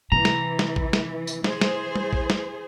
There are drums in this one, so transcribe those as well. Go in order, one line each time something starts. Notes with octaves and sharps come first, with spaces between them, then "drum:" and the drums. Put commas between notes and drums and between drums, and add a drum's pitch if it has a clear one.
C3 E3 A#5
drum: snare
drum: snare
drum: kick A1
drum: snare
drum: tambourine
E3 G#4 C5, drum: snare
drum: snare
drum: tom
drum: kick A1
drum: snare